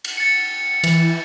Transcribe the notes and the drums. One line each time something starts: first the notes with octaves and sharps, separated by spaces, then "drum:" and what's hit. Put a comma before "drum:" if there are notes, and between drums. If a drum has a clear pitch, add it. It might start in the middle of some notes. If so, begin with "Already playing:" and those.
drum: cymbal
A6 C#7
E3, drum: cymbal